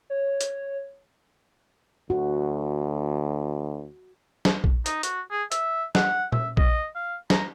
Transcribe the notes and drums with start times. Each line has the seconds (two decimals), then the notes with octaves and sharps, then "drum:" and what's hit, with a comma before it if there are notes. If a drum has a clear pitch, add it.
0.10 C#5
0.41 drum: hi-hat
2.10 D2 F#4
4.45 drum: snare
4.64 drum: kick
4.86 D#4, drum: hi-hat
5.03 F#4, drum: hi-hat
5.31 G#4
5.52 E5, drum: hi-hat
5.95 F#5, drum: snare
6.32 E5, drum: tom
6.57 D#5, drum: kick
6.95 F5
7.30 A#5, drum: snare